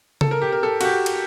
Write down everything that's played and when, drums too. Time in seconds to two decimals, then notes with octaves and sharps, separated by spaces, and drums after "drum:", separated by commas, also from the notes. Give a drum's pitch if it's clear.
0.21 A4, drum: tom C#3
0.31 A#4
0.42 G4
0.52 A#4
0.63 A4
0.81 F#4, drum: cymbal
0.85 G4
1.06 drum: cymbal